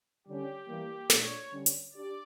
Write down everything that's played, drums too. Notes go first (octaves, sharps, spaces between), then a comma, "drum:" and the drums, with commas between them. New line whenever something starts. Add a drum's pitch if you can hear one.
D3 G3 C#4 G4
E3 G3 A#3
A#2 A3 D4 C#5, drum: snare
D3 G3 C#4
drum: hi-hat
D4 G4 D5